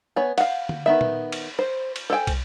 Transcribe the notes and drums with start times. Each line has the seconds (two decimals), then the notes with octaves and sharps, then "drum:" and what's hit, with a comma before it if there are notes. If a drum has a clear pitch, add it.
0.16 B3 C#5 G#5
0.38 F5 F#5, drum: cymbal
0.69 drum: tom D3
0.86 D#3 B3 E5
1.01 drum: tom A#2
1.32 drum: cymbal
1.59 C5
1.96 drum: cymbal
2.10 A4 C5 G5 G#5
2.27 drum: kick, cymbal